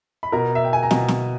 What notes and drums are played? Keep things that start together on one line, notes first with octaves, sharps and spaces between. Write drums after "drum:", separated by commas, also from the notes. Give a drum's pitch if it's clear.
B5
B2 A#4 A#5
E5
G5
G#5
A#5
B2, drum: snare
drum: snare